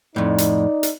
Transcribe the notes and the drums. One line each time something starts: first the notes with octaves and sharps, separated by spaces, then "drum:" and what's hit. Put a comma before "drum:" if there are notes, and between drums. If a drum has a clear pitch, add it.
F2 A2 D#4 D5
drum: hi-hat
drum: hi-hat